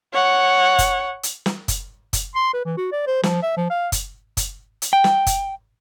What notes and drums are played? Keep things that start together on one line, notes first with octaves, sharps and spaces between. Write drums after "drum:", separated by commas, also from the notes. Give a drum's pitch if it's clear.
C#5 F#5
drum: kick, hi-hat
drum: hi-hat
drum: snare
drum: kick, hi-hat
drum: kick, hi-hat
C6
B4
E3
F#4
D5
C5
F3, drum: snare
E5
F3
F5
drum: kick, hi-hat
drum: kick, hi-hat
drum: hi-hat
G5
drum: snare
drum: kick, hi-hat